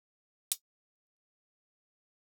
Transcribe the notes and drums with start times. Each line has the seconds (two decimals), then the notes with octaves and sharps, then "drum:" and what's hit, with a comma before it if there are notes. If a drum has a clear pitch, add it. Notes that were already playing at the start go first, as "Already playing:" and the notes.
0.17 A#3
0.52 A#3, drum: hi-hat
0.86 A#3